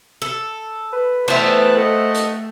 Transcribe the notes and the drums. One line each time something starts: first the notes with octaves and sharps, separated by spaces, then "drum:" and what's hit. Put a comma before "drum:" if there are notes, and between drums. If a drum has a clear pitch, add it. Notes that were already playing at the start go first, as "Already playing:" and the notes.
A4
B4
E3 A3 B3 C5 E5 A5 F#6, drum: cymbal
A4 D#5 F#5
drum: hi-hat